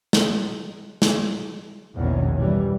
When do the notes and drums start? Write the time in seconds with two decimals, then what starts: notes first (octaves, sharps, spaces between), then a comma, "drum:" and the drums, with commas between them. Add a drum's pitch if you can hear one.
0.13 drum: snare
1.02 drum: snare
1.97 A#1 E2 B2 D#3 C#4
2.35 G1 E3 G3